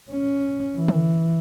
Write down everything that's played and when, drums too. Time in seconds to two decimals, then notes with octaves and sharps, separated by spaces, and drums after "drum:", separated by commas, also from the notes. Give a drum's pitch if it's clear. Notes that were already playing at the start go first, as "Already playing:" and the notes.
0.12 C#4
0.77 E3
0.88 drum: tom D3